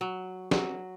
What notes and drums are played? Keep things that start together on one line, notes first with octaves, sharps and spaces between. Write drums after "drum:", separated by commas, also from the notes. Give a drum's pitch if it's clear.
F#3
F#3, drum: snare